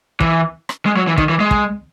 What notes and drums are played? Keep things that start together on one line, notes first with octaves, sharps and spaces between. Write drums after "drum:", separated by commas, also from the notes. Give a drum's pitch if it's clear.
E3, drum: kick
drum: rim click
G#3
F#3
E3
D#3, drum: kick
E3
G#3
drum: kick